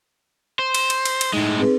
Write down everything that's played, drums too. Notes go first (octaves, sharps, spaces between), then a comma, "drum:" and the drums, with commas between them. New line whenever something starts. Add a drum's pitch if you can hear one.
C5
drum: cymbal
drum: cymbal
drum: cymbal
drum: cymbal
A2 G#3 D#4
C4 G#4 B4